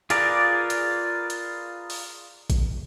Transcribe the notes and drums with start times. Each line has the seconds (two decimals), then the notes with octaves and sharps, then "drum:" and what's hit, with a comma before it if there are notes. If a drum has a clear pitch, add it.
0.10 F4 G#4 A#4 B4 D5, drum: hi-hat
0.70 drum: hi-hat
1.30 drum: hi-hat
1.90 drum: open hi-hat
2.50 drum: kick A#1, hi-hat